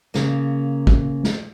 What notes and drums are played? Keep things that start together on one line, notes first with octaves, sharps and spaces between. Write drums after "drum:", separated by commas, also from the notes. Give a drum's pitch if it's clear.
C#3 A#3, drum: snare
drum: kick
drum: snare